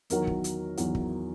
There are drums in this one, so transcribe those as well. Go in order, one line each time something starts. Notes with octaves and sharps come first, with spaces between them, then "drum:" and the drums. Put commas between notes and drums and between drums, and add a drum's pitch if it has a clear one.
E2 D#3 F#3 A#4, drum: hi-hat
drum: kick
drum: hi-hat
E2 D#3 F#3, drum: hi-hat
drum: kick